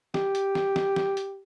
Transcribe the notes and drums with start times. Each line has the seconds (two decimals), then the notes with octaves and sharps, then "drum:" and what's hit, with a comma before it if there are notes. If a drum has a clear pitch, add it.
0.14 G4, drum: snare
0.35 drum: hi-hat
0.55 drum: snare
0.76 drum: snare
0.96 drum: snare
1.17 drum: hi-hat